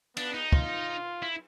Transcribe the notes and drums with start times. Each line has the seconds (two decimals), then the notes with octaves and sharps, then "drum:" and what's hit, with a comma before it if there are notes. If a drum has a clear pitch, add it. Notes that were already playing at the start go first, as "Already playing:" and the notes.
0.17 B3 D4, drum: cymbal
0.34 D#4
0.52 F4, drum: kick
1.22 E4